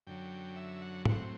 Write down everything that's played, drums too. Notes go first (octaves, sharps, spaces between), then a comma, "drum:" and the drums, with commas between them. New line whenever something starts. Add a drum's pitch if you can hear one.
F#2 D3 F#3 G5
E5
F#5
A2 F#3 C4 F#5, drum: tom